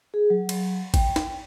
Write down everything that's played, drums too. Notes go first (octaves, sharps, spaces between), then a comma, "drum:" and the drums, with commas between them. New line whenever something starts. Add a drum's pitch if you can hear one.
G#4
F#3
drum: cymbal
G5, drum: kick G#1, cymbal
drum: snare